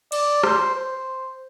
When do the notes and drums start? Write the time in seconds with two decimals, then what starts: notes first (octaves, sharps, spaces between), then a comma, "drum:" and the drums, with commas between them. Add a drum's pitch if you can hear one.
0.12 D5, drum: cymbal
0.43 C5, drum: rim click
0.75 C5